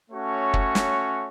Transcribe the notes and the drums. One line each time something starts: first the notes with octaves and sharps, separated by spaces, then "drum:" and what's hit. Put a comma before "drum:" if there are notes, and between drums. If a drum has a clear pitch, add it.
A3 C#4 F#4 C#5
drum: kick
drum: snare